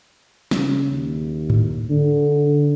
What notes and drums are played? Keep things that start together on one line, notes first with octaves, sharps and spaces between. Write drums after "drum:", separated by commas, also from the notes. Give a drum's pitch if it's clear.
C#3, drum: snare
D#2
drum: tom G#2
D3